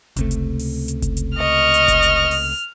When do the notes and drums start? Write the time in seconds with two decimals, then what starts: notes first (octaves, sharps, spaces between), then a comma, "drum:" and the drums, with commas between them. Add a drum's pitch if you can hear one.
0.16 C#2 C3 A3, drum: kick F#1, hi-hat
0.31 drum: hi-hat
0.59 drum: open hi-hat
0.88 drum: hi-hat
1.02 drum: kick F#1, hi-hat
1.17 drum: hi-hat
1.38 D#5 C#6 F6
1.74 drum: hi-hat
1.88 drum: kick F#1, hi-hat
2.03 drum: hi-hat
2.31 drum: open hi-hat